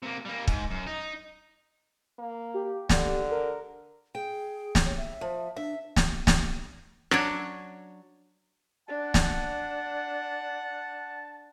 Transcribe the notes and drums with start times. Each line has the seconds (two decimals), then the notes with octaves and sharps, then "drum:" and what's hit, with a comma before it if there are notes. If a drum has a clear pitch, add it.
0.03 C3 A#3
0.25 G3 A#3
0.48 G#2, drum: kick
0.71 F#2
0.87 D#4
2.19 A#3
2.54 G4
2.89 D3, drum: snare
3.31 A#4
4.15 G#4 G5
4.75 drum: snare
4.85 C#5
4.97 E5
5.21 F3
5.56 D4 E5
5.96 drum: snare
6.27 drum: snare
7.11 F#3 D4 C#5, drum: rim click
8.89 D4 F#5 A5
9.14 drum: snare